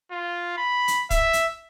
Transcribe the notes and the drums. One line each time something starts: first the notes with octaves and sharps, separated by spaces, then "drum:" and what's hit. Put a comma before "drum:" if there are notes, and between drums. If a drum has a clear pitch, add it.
F4
B5
drum: hi-hat
E5, drum: kick, hi-hat
drum: hi-hat